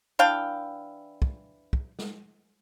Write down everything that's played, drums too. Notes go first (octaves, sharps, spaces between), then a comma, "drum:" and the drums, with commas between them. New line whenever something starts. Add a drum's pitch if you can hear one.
E3 D4 F5 G5
drum: kick
drum: kick
drum: snare